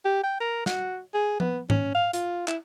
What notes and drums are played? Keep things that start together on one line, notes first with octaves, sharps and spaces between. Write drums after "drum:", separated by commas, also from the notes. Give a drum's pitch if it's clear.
G4
G5
A#4
F#4, drum: snare
G#4
B3, drum: tom F3
C#4, drum: tom G#2
F5
F4, drum: hi-hat
E4, drum: clap